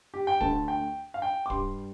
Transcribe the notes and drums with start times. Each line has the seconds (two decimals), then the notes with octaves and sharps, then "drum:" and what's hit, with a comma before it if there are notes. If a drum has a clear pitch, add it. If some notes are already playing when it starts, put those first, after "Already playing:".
0.14 G4
0.27 G5
0.41 D2 D3 A3 A5, drum: kick
0.68 G5
1.14 F5
1.22 G5
1.46 D6
1.50 G2 G3 D4 C6, drum: kick